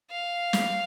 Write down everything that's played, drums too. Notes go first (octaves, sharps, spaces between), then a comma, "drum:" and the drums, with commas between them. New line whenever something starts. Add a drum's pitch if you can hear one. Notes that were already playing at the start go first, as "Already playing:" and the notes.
F5
drum: snare